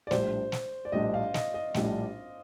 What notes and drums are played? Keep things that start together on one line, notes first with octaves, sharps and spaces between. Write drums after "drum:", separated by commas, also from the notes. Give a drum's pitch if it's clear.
D5
A#1 A2 G3 D4 C5, drum: snare
drum: snare
D5
A#1 A2 G3 D4 D#5
F5
D#5, drum: snare
D#5
A#1 A2 G3 D4, drum: snare